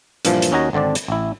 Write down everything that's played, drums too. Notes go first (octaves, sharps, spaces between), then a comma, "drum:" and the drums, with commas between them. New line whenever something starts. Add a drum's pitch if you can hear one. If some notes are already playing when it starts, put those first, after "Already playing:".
G2 A#2 E3 F3, drum: hi-hat
drum: hi-hat
D#2 C#4 D#4 F#4 G#5 A#5
G#1 D3 C4 D4 D5
drum: hi-hat
A1 E4